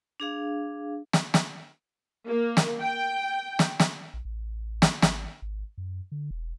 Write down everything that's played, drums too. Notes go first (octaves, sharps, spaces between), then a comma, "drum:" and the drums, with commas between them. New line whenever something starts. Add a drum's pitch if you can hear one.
D4 G#4 F5
drum: snare
drum: snare
A#3
drum: snare
G5
drum: snare
drum: snare
A#1
A1
drum: snare
G#1, drum: snare
G#1
F#2
D3
E1